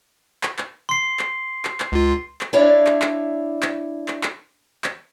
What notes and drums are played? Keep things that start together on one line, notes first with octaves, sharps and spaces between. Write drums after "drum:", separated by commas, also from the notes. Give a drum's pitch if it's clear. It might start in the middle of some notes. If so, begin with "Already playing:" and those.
drum: clap
drum: clap
C6 C7
drum: clap
drum: clap
drum: clap
C#2 F4
drum: clap
D4 E4 C#5 D5 E5 F5
drum: clap
drum: clap
drum: clap
drum: clap
drum: clap
drum: clap